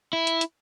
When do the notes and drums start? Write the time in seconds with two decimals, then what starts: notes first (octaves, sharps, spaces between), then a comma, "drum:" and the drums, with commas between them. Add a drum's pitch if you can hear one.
0.13 E4
0.27 drum: hi-hat
0.41 drum: hi-hat